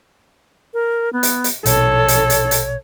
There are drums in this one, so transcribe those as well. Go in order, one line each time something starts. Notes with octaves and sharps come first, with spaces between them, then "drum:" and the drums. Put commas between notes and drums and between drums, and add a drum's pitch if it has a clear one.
A#4
B3
drum: hi-hat
drum: hi-hat
A#1 B2 A4 C#5, drum: hi-hat
drum: hi-hat
drum: hi-hat
drum: hi-hat